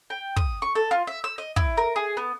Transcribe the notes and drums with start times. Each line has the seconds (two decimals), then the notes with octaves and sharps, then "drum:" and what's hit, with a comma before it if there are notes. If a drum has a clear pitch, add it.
0.10 G5
0.36 D#6, drum: kick
0.62 C#6
0.75 A4
0.91 F4
1.07 E5
1.24 E6
1.38 D#5
1.56 E4, drum: kick
1.77 A#4
1.96 G#4
2.17 B3